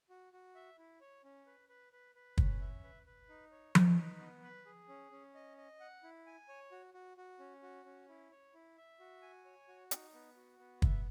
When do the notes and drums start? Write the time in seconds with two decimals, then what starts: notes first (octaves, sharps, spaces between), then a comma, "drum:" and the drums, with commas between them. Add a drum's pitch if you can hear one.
0.10 F#4
0.33 F#4
0.55 E5
0.78 E4
1.01 C#5
1.24 C#4
1.46 B4
1.69 B4
1.93 B4
2.15 B4
2.38 C#4, drum: kick
2.61 E5
2.84 B4
3.07 B4
3.29 D#4
3.52 C#5
3.75 D#4, drum: tom F3
3.98 B4
4.20 B3
4.43 B4
4.66 G#4
4.89 C#4
5.12 C#4
5.35 D#5
5.57 D#5
5.80 F#5
6.03 E4
6.26 G#5
6.49 C#5
6.72 F#4
6.94 F#4
7.17 F#4
7.40 C#4
7.62 F#4
7.86 C#4
8.09 E4
8.31 C#5
8.54 E4
8.77 E5
9.00 F#4
9.22 G#5
9.45 C#5
9.68 F#4
9.91 D#4, drum: hi-hat
10.14 B3
10.36 F#4
10.59 B3
10.82 E5, drum: kick